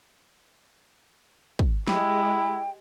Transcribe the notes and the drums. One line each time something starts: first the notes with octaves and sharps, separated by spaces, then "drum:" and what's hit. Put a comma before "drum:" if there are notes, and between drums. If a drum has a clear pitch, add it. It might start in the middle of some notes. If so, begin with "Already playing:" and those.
drum: kick
G#3 E4 G4 G5, drum: snare